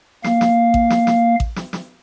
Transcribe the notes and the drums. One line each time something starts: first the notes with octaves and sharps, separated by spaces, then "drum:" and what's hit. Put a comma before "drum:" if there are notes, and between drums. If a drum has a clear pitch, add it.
A#3 F5, drum: snare
drum: snare
drum: kick A1
drum: snare
drum: snare
drum: kick A1
drum: snare
drum: snare